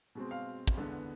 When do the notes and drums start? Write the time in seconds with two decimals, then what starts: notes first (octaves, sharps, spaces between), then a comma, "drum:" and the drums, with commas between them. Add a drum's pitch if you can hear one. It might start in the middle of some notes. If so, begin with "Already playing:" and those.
0.15 B2 G#3 C4
0.31 F5
0.67 drum: kick
0.77 E2 D3 G#3 B3